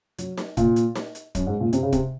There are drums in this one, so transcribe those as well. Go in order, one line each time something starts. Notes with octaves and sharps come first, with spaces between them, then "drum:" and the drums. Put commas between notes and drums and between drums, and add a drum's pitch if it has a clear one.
F#3, drum: hi-hat
drum: snare D#4
A#2, drum: kick, hi-hat
drum: hi-hat
drum: snare D#4
drum: hi-hat
F#2, drum: kick, hi-hat
G#2
A#2
C3, drum: hi-hat
C#3
C3, drum: kick, hi-hat